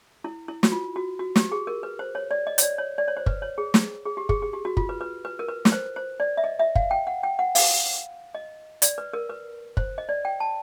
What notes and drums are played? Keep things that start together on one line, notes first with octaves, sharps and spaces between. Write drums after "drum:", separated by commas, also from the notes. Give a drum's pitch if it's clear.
E4
E4
F#4, drum: snare
F4
F#4
F#4
G4, drum: snare
G#4
A#4
B4
C5
C#5
D5
D#5
C#5, drum: hi-hat
D5
C#5
D5
C#5
C5
B4, drum: kick
C#5
G#4
drum: snare
G#4
G4
G#4, drum: kick
G#4
G4
F#4
F4, drum: kick
B4
B4
B4
A#4
B4
B4, drum: snare
C5
C5
D5
E5
D#5
E5
F5, drum: kick
G5
F#5
G5
F#5
F5, drum: open hi-hat
D#5
D5, drum: hi-hat
B4
A#4
B4
C5, drum: kick
D#5
D5
G5
A5